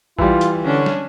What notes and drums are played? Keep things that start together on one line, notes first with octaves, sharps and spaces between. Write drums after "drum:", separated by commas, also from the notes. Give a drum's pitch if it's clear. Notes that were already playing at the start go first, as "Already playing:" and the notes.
E3 G3 F4, drum: kick
drum: hi-hat
D3 C#4 D4
drum: snare